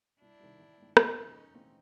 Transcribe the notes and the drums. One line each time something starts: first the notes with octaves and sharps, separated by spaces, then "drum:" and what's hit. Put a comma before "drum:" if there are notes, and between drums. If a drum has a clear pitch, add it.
C2 D4 E4
C3 D#3 G3
A1
G2 D#3 G#3
F#1 C#4 D#4, drum: rim click
E2 B2 G#3
D#2
C#3 E3 A3 C4